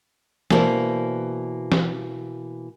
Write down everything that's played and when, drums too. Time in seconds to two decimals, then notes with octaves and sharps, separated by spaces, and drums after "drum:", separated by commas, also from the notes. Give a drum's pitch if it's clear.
0.50 B2 E3 A#3 C5 D5, drum: snare
1.72 drum: snare